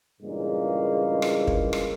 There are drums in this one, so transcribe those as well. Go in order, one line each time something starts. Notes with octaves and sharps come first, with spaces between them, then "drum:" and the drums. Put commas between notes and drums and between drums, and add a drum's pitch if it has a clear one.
G2 A#2 C#3 E3 G#3 A#3
drum: rim click
drum: kick
drum: rim click